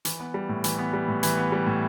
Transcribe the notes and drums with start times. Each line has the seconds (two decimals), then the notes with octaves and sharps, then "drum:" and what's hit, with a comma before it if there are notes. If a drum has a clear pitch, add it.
0.05 E3, drum: hi-hat
0.20 B3
0.34 G3
0.49 A2
0.64 E3, drum: hi-hat
0.78 B3
0.93 G3
1.08 A2
1.23 E3, drum: hi-hat
1.37 B3
1.52 G3
1.66 A2